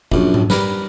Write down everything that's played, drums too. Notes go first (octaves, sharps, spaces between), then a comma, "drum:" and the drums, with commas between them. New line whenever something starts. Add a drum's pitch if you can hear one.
A#1 F#2, drum: kick
drum: tom G#2
G3 A#4 B4, drum: snare